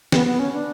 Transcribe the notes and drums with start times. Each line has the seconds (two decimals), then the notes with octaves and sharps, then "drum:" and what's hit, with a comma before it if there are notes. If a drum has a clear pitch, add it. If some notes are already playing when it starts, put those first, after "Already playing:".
0.12 B3, drum: snare
0.26 B3
0.39 C#4
0.53 D4